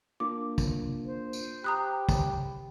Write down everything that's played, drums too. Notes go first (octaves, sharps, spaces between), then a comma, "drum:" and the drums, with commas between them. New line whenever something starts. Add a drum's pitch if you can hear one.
A#3 D4 F4 D6
drum: kick, tambourine
C5
drum: tambourine
G4 A#5 B5 D#6 F#6
drum: kick, tambourine